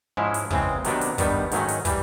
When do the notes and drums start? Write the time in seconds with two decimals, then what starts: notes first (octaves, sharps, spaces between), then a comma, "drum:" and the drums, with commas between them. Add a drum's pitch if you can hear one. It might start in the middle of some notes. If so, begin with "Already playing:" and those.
0.17 G#2 F3 G#3 C#4 E4
0.34 drum: hi-hat
0.51 C#3 E3 G#3 C4, drum: kick
0.85 C3 D#3 F#3 B3 D4, drum: hi-hat
1.01 drum: hi-hat
1.18 G2 D#3 G3 B3, drum: kick, hi-hat
1.52 G#2 D#3 F#3 A3 C#4, drum: hi-hat
1.68 drum: hi-hat
1.85 E3 G3, drum: kick, hi-hat